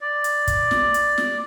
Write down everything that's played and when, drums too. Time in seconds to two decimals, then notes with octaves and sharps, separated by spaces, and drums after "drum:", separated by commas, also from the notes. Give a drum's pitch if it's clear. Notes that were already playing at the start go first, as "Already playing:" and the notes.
0.01 D5
0.24 drum: hi-hat
0.47 drum: kick, hi-hat
0.71 drum: snare
0.94 drum: hi-hat
1.18 drum: snare